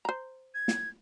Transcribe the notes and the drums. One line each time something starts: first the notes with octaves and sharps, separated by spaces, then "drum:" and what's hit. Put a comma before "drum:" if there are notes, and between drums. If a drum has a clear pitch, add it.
C5 A#5
G#6
drum: snare